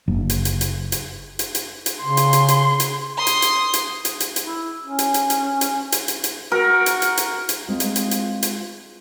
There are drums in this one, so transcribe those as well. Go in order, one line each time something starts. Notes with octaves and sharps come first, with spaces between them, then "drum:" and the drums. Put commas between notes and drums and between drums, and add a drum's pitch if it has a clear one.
F#1
drum: hi-hat
drum: hi-hat
drum: hi-hat
drum: hi-hat
drum: hi-hat
drum: hi-hat
drum: hi-hat
C#3 C6
drum: hi-hat
drum: hi-hat
drum: hi-hat
drum: hi-hat
C6 D#6
drum: hi-hat
drum: hi-hat
drum: hi-hat
drum: hi-hat
drum: hi-hat
drum: hi-hat
E4
C#4
drum: hi-hat
drum: hi-hat
drum: hi-hat
drum: hi-hat
drum: hi-hat
drum: hi-hat
drum: hi-hat
F#4 A#4
drum: hi-hat
drum: hi-hat
drum: hi-hat
drum: hi-hat
G#3 C4 F4
drum: hi-hat
drum: hi-hat
drum: hi-hat
drum: hi-hat